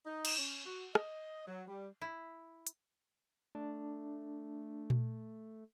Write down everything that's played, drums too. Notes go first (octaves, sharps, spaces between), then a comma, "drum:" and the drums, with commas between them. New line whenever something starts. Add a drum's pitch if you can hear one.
D#4
drum: cymbal
C#4
F#4
D#5, drum: rim click
F#3
G3
E4
drum: hi-hat
A3 D4
drum: tom A#2